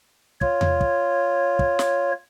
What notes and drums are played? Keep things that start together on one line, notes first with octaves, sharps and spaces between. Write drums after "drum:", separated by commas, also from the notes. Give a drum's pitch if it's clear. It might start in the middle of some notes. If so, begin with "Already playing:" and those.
F4 C#5, drum: kick
drum: tom E2
drum: kick
drum: kick
drum: snare